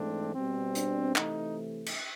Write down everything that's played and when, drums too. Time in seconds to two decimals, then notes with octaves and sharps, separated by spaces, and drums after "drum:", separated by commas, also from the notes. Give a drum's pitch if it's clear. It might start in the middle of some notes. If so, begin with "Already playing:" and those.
Already playing: G#2 E3 A3 C4 D4
0.34 B2 G3 C4
0.75 D4, drum: hi-hat
1.16 C3 E3 A3 D#4, drum: clap
1.86 drum: cymbal